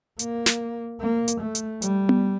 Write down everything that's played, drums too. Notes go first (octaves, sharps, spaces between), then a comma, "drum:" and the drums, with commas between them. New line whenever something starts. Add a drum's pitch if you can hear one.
A#3, drum: hi-hat
drum: snare
A#3
drum: hi-hat
A3
drum: hi-hat
G3, drum: hi-hat
drum: tom B3